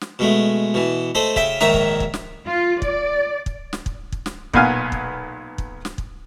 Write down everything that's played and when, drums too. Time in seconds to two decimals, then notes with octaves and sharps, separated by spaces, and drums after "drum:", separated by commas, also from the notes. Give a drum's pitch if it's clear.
0.01 drum: snare
0.19 B2 G#3 A3
0.74 B2 E3
1.15 A3 A4 C5 D#5
1.36 C#3 E5 G5, drum: kick
1.61 A#1 G#2 D#3 C#5 E5 A#5, drum: snare
1.74 drum: kick
2.00 drum: kick
2.14 drum: snare
2.47 F4
2.82 D5, drum: kick
3.46 drum: kick
3.73 drum: snare
3.86 drum: kick
4.12 drum: kick
4.26 drum: snare
4.53 B1 A#2 B3 F5 G#5 F6, drum: kick
4.92 drum: kick
5.58 drum: kick
5.85 drum: snare
5.98 drum: kick